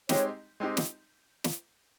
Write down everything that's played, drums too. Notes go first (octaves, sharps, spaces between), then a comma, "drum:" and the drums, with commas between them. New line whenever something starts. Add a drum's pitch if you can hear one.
G#3 C4 D#4 G4 C#5, drum: snare
G#3 C4 D#4 G4
drum: snare
drum: snare